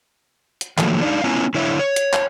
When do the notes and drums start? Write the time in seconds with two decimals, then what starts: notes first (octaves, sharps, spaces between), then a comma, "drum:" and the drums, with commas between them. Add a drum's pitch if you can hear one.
0.61 drum: hi-hat
0.78 D#3 F3 F#3 A3 A#3, drum: clap
1.01 D4 D#4 F5
1.24 B3 C#4 E4 F4 G#5 A#5
1.54 D3 E4 C#5 E5 F5
1.79 C#5
1.96 drum: hi-hat
2.13 drum: clap